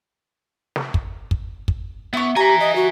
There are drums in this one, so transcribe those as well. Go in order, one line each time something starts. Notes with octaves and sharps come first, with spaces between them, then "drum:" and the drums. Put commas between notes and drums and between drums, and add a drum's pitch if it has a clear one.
drum: snare
drum: kick
drum: kick
drum: kick
B3 E4 C#5
G4 E5 G#5 A#5
D#5
F#4